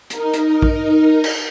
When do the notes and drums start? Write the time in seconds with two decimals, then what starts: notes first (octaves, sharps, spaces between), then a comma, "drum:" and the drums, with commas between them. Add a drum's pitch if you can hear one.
0.10 D#4 A#4, drum: hi-hat
0.33 drum: hi-hat
0.62 drum: kick
1.24 drum: cymbal